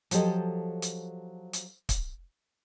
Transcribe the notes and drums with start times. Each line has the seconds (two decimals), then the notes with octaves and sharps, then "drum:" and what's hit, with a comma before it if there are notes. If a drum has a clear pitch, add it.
0.11 F3 F#3 G4 A4 D#5, drum: hi-hat
0.82 drum: hi-hat
1.53 drum: hi-hat
1.89 drum: kick, hi-hat